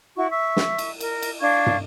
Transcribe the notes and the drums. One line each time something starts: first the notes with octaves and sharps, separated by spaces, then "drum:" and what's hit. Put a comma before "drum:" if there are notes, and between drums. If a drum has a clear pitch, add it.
E4 F#4 C#6
E5 C#6
drum: snare
drum: cymbal
A#4, drum: cymbal
drum: cymbal
D4 F5 C#6 G#6
drum: tom